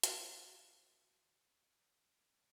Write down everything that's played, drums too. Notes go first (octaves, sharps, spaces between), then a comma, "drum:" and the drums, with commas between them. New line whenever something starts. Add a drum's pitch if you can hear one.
F4 F#4, drum: hi-hat